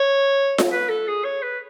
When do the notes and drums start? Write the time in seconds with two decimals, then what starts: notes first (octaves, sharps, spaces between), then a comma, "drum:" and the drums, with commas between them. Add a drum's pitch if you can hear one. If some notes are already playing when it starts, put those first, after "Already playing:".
Already playing: C#5
0.58 drum: snare F4
0.72 B4
0.89 A4
1.08 G#4
1.25 C#5
1.42 B4